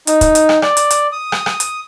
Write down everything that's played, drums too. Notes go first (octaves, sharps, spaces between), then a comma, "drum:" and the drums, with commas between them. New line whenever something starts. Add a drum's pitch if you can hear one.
D#4, drum: hi-hat
drum: kick, hi-hat
drum: hi-hat
drum: rim click
D5, drum: rim click
drum: hi-hat
drum: hi-hat
D#6
drum: rim click
drum: rim click
drum: hi-hat